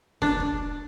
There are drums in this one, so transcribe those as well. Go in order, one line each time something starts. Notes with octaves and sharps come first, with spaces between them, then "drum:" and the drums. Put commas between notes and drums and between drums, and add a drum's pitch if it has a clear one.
D4, drum: snare
drum: kick